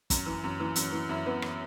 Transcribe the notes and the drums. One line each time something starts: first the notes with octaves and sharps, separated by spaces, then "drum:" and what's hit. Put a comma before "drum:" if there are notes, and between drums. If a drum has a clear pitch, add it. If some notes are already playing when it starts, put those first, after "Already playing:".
F#2, drum: kick, hi-hat
E3
F#2
E3
F#2, drum: hi-hat
E3
F#2 E4
E3 B3
drum: rim click